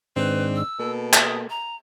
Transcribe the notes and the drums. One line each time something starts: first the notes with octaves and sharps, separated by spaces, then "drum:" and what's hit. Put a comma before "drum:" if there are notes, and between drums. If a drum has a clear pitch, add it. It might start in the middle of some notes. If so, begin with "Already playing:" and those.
G#2 D#3 C4 D4 B4
E6
B2 A#3 A4
D#6, drum: clap
A#5